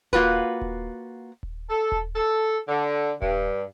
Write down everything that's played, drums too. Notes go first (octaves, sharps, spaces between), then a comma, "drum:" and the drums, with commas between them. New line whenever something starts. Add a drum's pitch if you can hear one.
A#3 F4 F#4 B4, drum: kick D#1
drum: kick D#1
drum: kick D#1
A4
drum: kick D#1
A4
D3
G2, drum: kick D#1